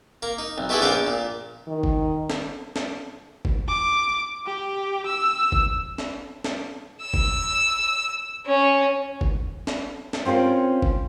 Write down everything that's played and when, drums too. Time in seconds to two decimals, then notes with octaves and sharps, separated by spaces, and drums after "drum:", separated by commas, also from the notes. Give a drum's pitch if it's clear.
0.22 A#3 A#5
0.39 D#4
0.58 B1
0.69 A3 B3 E4 G4 G#4 B4
0.81 A#1 F3 B3 C5 A#5 D6
1.07 A#2
1.67 D#3
1.83 drum: kick
2.30 drum: snare
2.76 drum: snare
3.45 drum: kick
3.68 D6
4.46 G4
5.06 E6
5.52 drum: kick
5.98 drum: snare
6.44 drum: snare
7.02 E6
7.14 drum: kick
8.46 C#4
9.21 drum: kick
9.67 drum: snare
10.13 drum: snare
10.25 C4 C#4 F4 A#4 C5
10.82 drum: kick